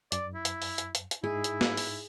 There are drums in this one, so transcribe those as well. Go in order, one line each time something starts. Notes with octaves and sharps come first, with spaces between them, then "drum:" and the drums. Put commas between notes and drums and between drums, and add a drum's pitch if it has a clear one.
F#2 D5, drum: hi-hat
E4
drum: hi-hat
drum: open hi-hat
drum: hi-hat
drum: hi-hat
drum: hi-hat
G#2 D#4 E4 G#4
drum: hi-hat
drum: snare
drum: open hi-hat